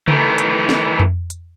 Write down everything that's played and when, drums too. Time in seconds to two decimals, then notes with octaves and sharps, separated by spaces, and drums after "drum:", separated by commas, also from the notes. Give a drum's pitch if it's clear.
0.08 D#3 E3 A3, drum: tom C#3
0.38 drum: hi-hat
0.69 drum: snare
0.99 drum: tom F2
1.30 drum: hi-hat